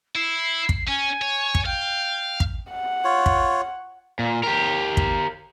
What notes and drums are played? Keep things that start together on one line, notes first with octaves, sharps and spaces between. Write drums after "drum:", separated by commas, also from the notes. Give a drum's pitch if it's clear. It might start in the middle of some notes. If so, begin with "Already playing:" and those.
E4 C7
drum: kick
C#4 G#5
C#5
drum: kick
F5 G5
drum: kick
F#5
F4 C#5
drum: kick
A#2
G4 A#4
drum: kick